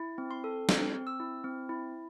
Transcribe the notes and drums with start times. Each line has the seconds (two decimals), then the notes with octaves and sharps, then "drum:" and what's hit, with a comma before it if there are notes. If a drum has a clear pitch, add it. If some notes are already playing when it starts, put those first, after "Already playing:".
Already playing: E4
0.18 C4
0.31 C6
0.44 A4
0.69 C4 C6, drum: snare
0.94 C4
1.07 E6
1.20 E4
1.44 C4
1.69 E4